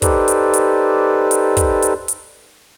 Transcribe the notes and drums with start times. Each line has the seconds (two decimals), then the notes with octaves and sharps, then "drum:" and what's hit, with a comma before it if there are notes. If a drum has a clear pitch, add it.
0.02 D#4 G4 A4 B4 C5 D5, drum: kick, hi-hat
0.28 drum: hi-hat
0.53 drum: hi-hat
1.31 drum: hi-hat
1.57 drum: kick, hi-hat
1.82 drum: hi-hat
2.08 drum: hi-hat